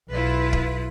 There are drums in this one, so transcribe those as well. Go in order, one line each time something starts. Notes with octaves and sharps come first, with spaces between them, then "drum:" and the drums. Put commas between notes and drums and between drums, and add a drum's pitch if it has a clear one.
B1 E4 F4 B4
drum: kick